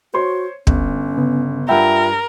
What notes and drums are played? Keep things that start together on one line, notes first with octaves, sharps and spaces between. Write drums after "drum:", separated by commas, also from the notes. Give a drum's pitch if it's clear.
F#4 C5 C#5 C6
G1 C#4, drum: kick
C#3 B3
G2 F4 A#4 E5 F#5 G5 B5